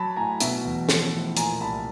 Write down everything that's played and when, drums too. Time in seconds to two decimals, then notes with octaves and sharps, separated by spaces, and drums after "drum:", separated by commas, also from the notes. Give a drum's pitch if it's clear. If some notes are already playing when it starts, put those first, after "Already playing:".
Already playing: F#3 A5 B5
0.16 A2 G#5 A#5
0.40 B2 E5, drum: hi-hat
0.65 E2
0.89 F3, drum: snare
1.12 A2
1.37 A#2 G#5 A#5, drum: hi-hat
1.60 C2 A5 B5